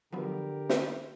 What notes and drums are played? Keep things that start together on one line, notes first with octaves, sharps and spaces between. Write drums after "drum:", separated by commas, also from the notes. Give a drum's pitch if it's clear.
D3 F3 F#3 B3 G4 A#4
drum: snare